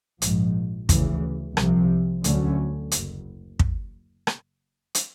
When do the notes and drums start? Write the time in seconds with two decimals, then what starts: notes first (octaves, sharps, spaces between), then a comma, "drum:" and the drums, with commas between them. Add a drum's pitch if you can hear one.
0.22 A#1 G#2 F3, drum: hi-hat
0.89 D2 C#3 E3, drum: kick, hi-hat
1.57 C2 C3 F3, drum: rim click
2.24 D2 D3 F#3 A3 C#4, drum: hi-hat
2.91 F#1, drum: hi-hat
3.59 drum: kick
4.27 drum: rim click
4.95 drum: hi-hat